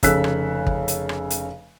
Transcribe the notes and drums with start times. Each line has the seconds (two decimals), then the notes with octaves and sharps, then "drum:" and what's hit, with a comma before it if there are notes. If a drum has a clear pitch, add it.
0.03 F1 C#3 A4 E6 F#6 B6, drum: kick, hi-hat
0.24 drum: rim click
0.67 drum: kick
0.88 drum: hi-hat
1.09 drum: rim click
1.30 drum: hi-hat